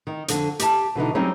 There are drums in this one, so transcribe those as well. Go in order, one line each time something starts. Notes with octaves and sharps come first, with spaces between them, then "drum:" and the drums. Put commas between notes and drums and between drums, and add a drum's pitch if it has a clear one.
D#3
F2 D3, drum: hi-hat
G4 A5, drum: hi-hat
B2 D3 E3 D#4
F#3 G3 C4 C#4 D#4 C#5